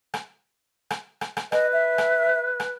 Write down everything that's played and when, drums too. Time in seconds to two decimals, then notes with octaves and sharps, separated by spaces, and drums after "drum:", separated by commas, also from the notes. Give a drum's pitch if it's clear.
0.14 drum: rim click
0.91 drum: rim click
1.21 drum: rim click
1.37 drum: rim click
1.52 B4 D#5, drum: rim click
1.73 E5
1.98 drum: rim click
2.60 drum: rim click